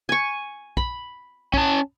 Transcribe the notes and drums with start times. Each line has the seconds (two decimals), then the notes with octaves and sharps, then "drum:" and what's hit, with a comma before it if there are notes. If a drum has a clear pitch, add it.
0.09 G#5 C#6
0.77 B5, drum: kick
1.54 C#4 A5, drum: kick